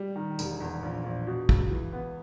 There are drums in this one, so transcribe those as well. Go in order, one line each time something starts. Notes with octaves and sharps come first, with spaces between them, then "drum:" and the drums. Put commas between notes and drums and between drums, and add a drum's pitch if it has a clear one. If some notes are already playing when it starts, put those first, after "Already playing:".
Already playing: G3
D#3
E1, drum: tambourine
E2
A#1
A#1
B2
C#2, drum: kick
E3
B3